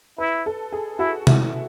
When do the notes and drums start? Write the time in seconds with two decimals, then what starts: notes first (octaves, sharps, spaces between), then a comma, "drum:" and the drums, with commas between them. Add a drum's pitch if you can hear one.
0.18 E4 B4
0.46 A4
0.72 G#4
0.99 E4 F#4
1.27 E4, drum: tom C3